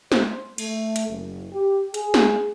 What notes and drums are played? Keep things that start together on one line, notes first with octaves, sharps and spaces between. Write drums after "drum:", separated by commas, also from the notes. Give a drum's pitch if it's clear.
C5, drum: snare
A3, drum: cymbal
drum: hi-hat
F#1
G4
G#4, drum: hi-hat
drum: snare